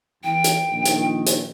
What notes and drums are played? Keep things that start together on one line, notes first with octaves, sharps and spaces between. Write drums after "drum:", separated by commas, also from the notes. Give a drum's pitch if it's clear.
E2 G5
drum: hi-hat
A#1 D#3
drum: hi-hat
drum: hi-hat